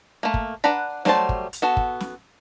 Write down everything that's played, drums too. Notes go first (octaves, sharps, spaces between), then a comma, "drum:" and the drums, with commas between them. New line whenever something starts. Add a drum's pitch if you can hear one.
A3 A#3
drum: kick
D4 B4 F#5 A#5 B5
F#3 G3 A3 C5 A5, drum: snare
drum: kick
drum: hi-hat
B3 F#4 A4
drum: kick
drum: snare